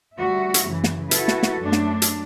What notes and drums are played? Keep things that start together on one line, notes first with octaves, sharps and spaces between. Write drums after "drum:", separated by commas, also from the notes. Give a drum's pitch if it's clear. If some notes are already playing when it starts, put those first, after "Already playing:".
D2 G3 F#4 E5
drum: hi-hat
F#2 C#3 E3
drum: snare
E4 F#4 A4 B4, drum: hi-hat
drum: snare
drum: snare
F#2 A3 D4
drum: snare
drum: hi-hat